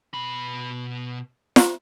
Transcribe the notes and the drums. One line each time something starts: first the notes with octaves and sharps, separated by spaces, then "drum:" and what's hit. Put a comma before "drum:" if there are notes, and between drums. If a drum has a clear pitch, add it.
B2 B5
drum: snare